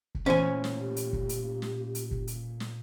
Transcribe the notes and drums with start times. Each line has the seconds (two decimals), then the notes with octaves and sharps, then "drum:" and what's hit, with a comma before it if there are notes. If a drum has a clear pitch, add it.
0.15 drum: kick
0.26 A#2 E3 A3 C#4 C5 G#5
0.64 drum: snare
0.80 G4
0.96 drum: hi-hat
1.13 drum: kick
1.29 drum: hi-hat
1.62 drum: snare
1.95 drum: hi-hat
2.11 drum: kick
2.27 drum: hi-hat
2.60 drum: snare